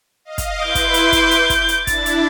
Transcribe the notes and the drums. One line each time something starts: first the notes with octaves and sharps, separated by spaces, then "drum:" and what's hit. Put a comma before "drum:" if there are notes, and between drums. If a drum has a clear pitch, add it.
D#5 F5
drum: kick, hi-hat
E4 B4 C6 D6 G6
drum: kick, hi-hat
drum: hi-hat
drum: kick, hi-hat
drum: hi-hat
drum: kick, hi-hat
drum: hi-hat
D4 E4 A6, drum: kick, hi-hat
drum: hi-hat